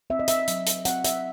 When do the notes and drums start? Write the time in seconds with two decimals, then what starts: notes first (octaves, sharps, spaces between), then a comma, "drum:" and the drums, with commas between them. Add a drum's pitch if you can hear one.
0.10 C4 E5
0.19 D#5
0.28 E5, drum: hi-hat
0.48 F#3, drum: hi-hat
0.67 drum: hi-hat
0.85 C4 F#5, drum: hi-hat
1.04 E5, drum: hi-hat